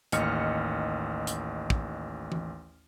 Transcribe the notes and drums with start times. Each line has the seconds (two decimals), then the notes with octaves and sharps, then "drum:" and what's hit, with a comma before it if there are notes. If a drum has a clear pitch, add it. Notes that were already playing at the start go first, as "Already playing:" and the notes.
0.12 A1 D#2 D#5 F6 C#7, drum: hi-hat
1.27 drum: hi-hat
1.70 drum: kick
2.32 drum: tom E3